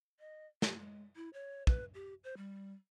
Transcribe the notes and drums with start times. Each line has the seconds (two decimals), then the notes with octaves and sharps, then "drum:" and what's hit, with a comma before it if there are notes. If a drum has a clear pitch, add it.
0.20 D#5
0.62 G4, drum: snare
0.79 G#3
1.16 E4
1.33 C#5
1.67 B4, drum: kick
1.94 G4
2.24 C5
2.37 G3